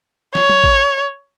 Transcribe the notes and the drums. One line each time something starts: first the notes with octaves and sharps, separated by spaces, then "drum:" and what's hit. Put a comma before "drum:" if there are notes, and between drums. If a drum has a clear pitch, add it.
C#5, drum: snare
drum: tom
drum: kick A1